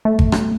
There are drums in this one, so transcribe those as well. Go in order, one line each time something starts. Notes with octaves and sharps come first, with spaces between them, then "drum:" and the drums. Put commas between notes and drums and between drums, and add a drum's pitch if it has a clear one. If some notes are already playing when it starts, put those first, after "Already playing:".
A3
drum: kick G#1
drum: rim click